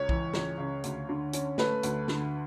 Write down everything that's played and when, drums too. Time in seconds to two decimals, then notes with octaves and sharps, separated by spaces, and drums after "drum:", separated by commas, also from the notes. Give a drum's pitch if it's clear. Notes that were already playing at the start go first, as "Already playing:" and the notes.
Already playing: C#2 C#5
0.09 E3, drum: kick B1
0.34 C#2, drum: snare
0.58 C#3
0.84 D2, drum: hi-hat
1.09 D3
1.33 C#4, drum: hi-hat
1.58 A3 B4, drum: snare
1.83 D2, drum: hi-hat
2.08 D3, drum: snare